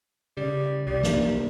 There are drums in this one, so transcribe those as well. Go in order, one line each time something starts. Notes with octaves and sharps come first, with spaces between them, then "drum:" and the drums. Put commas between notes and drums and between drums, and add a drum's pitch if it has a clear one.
C#3 G3
C2 G3
A#3, drum: snare